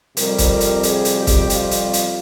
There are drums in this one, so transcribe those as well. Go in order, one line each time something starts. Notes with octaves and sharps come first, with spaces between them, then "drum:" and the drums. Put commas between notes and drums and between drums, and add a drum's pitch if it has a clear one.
F2 C3 G3 A#4, drum: hi-hat
drum: kick C#1, hi-hat
A#4
drum: hi-hat
G#4, drum: hi-hat
drum: hi-hat
G4
drum: kick C#1, hi-hat
F4, drum: hi-hat
drum: hi-hat
drum: hi-hat